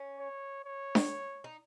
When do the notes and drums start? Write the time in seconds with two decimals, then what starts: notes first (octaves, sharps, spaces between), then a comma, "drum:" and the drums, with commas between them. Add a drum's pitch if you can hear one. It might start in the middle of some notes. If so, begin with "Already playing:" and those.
Already playing: C#4
0.19 C#5
0.65 C#5
0.95 drum: snare D4
1.44 D#4